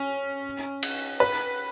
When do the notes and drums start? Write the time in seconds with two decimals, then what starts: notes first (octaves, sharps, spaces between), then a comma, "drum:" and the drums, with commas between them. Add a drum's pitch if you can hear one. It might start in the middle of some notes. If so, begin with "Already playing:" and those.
Already playing: C#4
0.83 drum: cymbal
1.20 B4